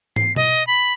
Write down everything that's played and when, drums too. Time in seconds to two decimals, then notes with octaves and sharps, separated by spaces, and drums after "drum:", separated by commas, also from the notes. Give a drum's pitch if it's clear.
0.16 C7, drum: tom
0.36 D#5, drum: tom B2
0.67 B5